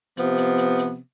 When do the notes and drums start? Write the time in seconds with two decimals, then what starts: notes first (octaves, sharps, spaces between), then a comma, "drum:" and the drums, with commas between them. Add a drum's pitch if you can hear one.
0.17 C3 F3 B3, drum: hi-hat
0.38 drum: hi-hat
0.58 drum: hi-hat
0.79 drum: hi-hat